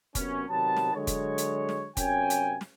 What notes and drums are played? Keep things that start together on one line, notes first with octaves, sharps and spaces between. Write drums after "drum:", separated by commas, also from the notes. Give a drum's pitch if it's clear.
F#2 C3 B3 C#4, drum: kick F1, hi-hat
C3 D#3 F#3 B3 A5
drum: snare
D3 F#3 G#3 C#5
drum: kick F1, hi-hat
drum: hi-hat
drum: snare
F#2 C3 C#4 G5 G#5, drum: kick F1, hi-hat
drum: hi-hat
drum: snare